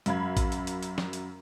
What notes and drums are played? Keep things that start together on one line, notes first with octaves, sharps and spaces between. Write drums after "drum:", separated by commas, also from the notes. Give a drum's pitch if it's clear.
F#2 F5 B5 G#6, drum: hi-hat
drum: kick A1, hi-hat
drum: hi-hat
drum: hi-hat
drum: hi-hat
drum: snare
drum: hi-hat